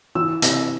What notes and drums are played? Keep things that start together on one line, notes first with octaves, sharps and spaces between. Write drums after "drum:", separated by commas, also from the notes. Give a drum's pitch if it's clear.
E3 E6
C3, drum: hi-hat